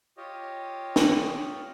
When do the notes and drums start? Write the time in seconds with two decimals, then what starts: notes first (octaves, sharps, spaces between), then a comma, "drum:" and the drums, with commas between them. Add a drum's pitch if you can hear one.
0.17 F4 G4 C#5 D#5
0.96 drum: snare